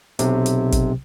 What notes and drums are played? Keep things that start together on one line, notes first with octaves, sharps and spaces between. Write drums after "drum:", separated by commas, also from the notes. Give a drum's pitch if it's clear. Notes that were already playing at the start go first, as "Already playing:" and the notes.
B1 C3, drum: hi-hat
drum: hi-hat
drum: kick, hi-hat